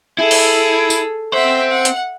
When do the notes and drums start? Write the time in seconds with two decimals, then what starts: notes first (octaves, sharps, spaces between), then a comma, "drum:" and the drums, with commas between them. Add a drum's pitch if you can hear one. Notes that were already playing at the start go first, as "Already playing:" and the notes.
0.19 E4 G#4 A4
0.31 drum: open hi-hat
0.90 drum: tambourine
1.33 C4 C5 E5 F#5
1.69 F#5
1.85 drum: hi-hat